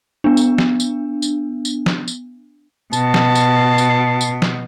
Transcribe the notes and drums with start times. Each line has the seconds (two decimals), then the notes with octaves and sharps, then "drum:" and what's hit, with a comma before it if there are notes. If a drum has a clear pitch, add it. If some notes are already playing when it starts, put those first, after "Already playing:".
0.24 B3 D4
0.37 drum: tambourine
0.58 drum: snare
0.80 drum: tambourine
1.22 drum: tambourine
1.65 drum: tambourine
1.86 drum: snare
2.08 drum: tambourine
2.93 B2 A5, drum: tambourine
3.14 drum: snare
3.35 drum: tambourine
3.78 drum: tambourine
4.21 drum: tambourine
4.42 drum: snare